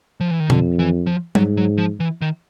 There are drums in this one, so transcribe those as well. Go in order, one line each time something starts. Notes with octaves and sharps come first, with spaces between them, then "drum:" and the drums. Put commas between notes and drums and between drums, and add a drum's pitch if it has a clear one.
F3
E3
D#3
F2 D3, drum: tom B2
E3
F3
G#2 F#3, drum: tom G3
F#3
F3
E3
D#3